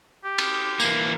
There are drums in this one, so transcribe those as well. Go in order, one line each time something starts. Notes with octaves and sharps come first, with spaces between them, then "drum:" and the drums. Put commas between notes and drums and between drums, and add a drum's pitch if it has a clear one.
G4
drum: cymbal
E3 A#3, drum: tambourine